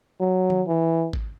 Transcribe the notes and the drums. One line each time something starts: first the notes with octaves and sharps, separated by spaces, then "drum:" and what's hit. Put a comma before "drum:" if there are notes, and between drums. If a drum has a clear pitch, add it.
F#3
drum: tom D#3
E3
drum: kick G#1